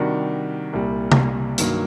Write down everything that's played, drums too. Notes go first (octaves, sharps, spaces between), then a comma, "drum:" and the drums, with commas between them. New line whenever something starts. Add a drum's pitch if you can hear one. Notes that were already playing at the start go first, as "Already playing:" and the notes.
Already playing: C3 D#3 G3 D4 F#4
C2 A#2 G3
drum: tom C3
G2 D#3 F#3 A#3, drum: hi-hat